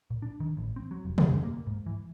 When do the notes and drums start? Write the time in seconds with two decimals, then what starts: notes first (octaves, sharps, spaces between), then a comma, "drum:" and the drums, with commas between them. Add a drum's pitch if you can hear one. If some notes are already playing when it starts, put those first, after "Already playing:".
0.10 A#2
0.22 D4
0.40 D#3
0.57 A1
0.76 C4
0.91 F#3
1.05 F1
1.18 D3, drum: tom
1.31 F#2
1.43 A#3
1.67 G#2
1.86 E3